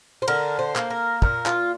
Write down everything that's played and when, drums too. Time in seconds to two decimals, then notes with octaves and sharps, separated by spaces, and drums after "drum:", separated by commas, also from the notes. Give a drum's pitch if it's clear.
0.22 C5
0.28 D3 A#4, drum: cymbal
0.59 C5
0.76 A#3, drum: clap
0.90 A#4
1.22 A#2 A#4, drum: kick
1.46 F4, drum: clap